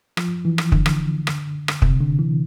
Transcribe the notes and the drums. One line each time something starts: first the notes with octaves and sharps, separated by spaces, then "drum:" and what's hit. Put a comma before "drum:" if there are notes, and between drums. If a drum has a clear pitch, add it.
F3, drum: rim click
E3
drum: rim click
D3, drum: kick
drum: rim click
drum: rim click
drum: rim click
C3, drum: kick
D3
E3